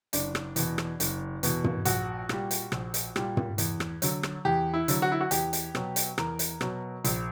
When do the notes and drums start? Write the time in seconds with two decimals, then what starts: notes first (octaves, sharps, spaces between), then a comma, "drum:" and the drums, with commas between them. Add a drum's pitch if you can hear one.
0.13 F#1 D4, drum: hi-hat
0.35 drum: rim click
0.56 E2 B2, drum: hi-hat
0.78 drum: rim click
1.00 F#1, drum: hi-hat
1.43 E2 B2, drum: hi-hat
1.64 drum: tom
1.85 A#1 F#4, drum: hi-hat
2.29 A#2 G3, drum: rim click
2.51 drum: hi-hat
2.72 A#1, drum: rim click
2.94 drum: hi-hat
3.16 A#2 G3, drum: rim click
3.37 drum: tom
3.58 E2, drum: hi-hat
3.80 drum: rim click
4.02 D3 F#3, drum: hi-hat
4.23 drum: rim click
4.45 E2 G4
4.74 E4
4.88 D3 F#3, drum: hi-hat
5.02 F#4
5.12 E4
5.21 F#4
5.31 E2 G4, drum: hi-hat
5.53 drum: hi-hat
5.75 B2 F#3, drum: rim click
5.96 drum: hi-hat
6.18 E2 A#4, drum: rim click
6.39 drum: hi-hat
6.61 B2 F#3, drum: rim click
7.04 A#1, drum: hi-hat